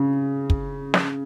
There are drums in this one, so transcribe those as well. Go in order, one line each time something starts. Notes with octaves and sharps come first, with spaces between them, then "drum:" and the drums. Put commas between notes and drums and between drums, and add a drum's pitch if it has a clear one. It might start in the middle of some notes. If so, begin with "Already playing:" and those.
Already playing: C#3
drum: kick
drum: snare